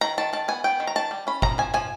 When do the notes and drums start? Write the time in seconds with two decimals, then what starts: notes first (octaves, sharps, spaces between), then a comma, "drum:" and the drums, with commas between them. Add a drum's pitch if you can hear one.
0.01 D#3 A#5
0.18 D#3 A5
0.33 D#3 A5
0.48 B3 G#5
0.64 B3 G5
0.80 D#3
0.87 A#5
0.96 D#3 A5
1.11 G3
1.27 C#4 B5
1.42 F3 A#5, drum: kick G1
1.58 F3 G#5
1.74 F3 G#5